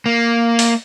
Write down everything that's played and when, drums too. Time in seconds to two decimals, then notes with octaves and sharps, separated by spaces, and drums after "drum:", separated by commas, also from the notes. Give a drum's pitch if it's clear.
0.06 A#3
0.59 drum: open hi-hat